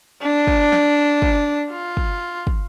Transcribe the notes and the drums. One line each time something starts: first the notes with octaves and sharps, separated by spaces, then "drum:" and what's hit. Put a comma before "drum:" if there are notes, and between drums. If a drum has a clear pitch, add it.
D4
drum: kick
drum: snare
drum: kick
F4
drum: kick
drum: kick